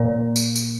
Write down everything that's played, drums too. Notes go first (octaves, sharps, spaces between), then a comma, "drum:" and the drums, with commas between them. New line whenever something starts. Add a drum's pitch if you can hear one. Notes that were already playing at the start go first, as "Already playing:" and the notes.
Already playing: A#2
drum: tambourine
drum: tambourine